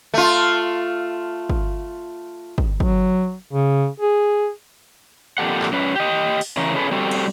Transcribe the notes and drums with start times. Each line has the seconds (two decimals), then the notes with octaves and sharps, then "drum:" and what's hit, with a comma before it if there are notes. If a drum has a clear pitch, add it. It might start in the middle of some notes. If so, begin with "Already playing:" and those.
0.14 A3 F4
1.50 drum: kick
2.58 drum: kick
2.80 F#3, drum: kick
3.53 C#3
4.00 G#4
5.38 F2 A#2 G4 A4 F#5
5.62 drum: clap
5.72 F#2 C#4 B4
5.95 G4 D#5
6.41 drum: open hi-hat
6.57 C#3 E3 C#4 A#4
6.76 C#4 G#4 A4 B4
6.91 G3 C4 F#4 G4 A4
7.11 drum: cymbal